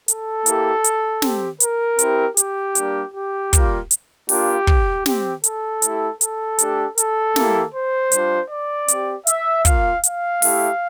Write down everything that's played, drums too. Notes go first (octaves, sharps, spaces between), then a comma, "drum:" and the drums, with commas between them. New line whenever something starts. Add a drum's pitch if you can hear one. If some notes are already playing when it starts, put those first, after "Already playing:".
A4, drum: hi-hat
A#3 E4 G4, drum: hi-hat
drum: hi-hat
C4 G4, drum: snare
A#4, drum: hi-hat
C4 E4 G4, drum: hi-hat
G4, drum: hi-hat
G3 A#3 D4, drum: hi-hat
G4
G3 A#3 F4, drum: kick, hi-hat
drum: hi-hat
A#3 D4 F4 G4, drum: open hi-hat
drum: kick
C4 G4, drum: snare
A4, drum: hi-hat
A3 E4 G4, drum: hi-hat
A4, drum: hi-hat
A3 D4 G4, drum: hi-hat
A4, drum: hi-hat
A#3 E4 G4, drum: snare
C5
G3 D4 F4, drum: hi-hat
D5
C4 G4, drum: hi-hat
E5, drum: hi-hat
A#3 F4 F5, drum: kick, hi-hat
F5, drum: hi-hat
A3 E4 G4, drum: open hi-hat